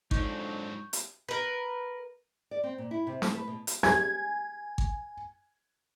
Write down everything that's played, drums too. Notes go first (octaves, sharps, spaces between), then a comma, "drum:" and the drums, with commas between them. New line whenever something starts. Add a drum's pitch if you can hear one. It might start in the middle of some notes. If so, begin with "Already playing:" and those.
F2 G#2 F#3 D4 D#4 C#6 G6, drum: kick G#1
drum: hi-hat
A#4 B4
D5
C4
A#2
E4
C3
A3, drum: snare
B4
B2
drum: hi-hat
G#5 G#6, drum: snare
drum: kick G#1